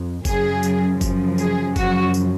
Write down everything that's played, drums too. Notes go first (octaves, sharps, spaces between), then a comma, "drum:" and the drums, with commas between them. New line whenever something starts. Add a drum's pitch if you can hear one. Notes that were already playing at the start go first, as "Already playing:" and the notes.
Already playing: F2
F#2 C#3 F#3 G#4, drum: kick F#1, tambourine
drum: tambourine
F#2 C#3 F3, drum: kick F#1, tambourine
G#4, drum: tambourine
F#2 C#3 F3 F#4, drum: kick F#1, tambourine
drum: tambourine